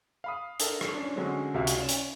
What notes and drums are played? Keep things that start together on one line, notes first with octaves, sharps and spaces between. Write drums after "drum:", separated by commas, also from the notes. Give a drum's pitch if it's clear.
F5 B5 D#6
D4 A4 A#4, drum: hi-hat
drum: rim click
C#4 D4
D3 F#3 G#3 C4 C#4
C#2 C3 F#4 E5 F5
drum: hi-hat
C#4 D5 E7
drum: hi-hat